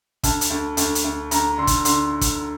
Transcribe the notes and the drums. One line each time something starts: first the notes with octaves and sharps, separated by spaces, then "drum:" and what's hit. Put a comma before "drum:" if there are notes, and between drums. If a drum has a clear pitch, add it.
D2 A5, drum: kick, hi-hat
drum: hi-hat
D2
D2, drum: hi-hat
drum: hi-hat
D2
D2 A#5, drum: hi-hat
D3 C6
drum: kick, hi-hat
D3 C6, drum: hi-hat
drum: kick, hi-hat